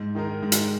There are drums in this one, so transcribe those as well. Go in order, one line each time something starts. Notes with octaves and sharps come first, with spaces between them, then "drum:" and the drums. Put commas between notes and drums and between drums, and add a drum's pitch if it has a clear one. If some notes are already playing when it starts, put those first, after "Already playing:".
Already playing: G#2
D#3 G#3 D#4 A#4
G#2
drum: hi-hat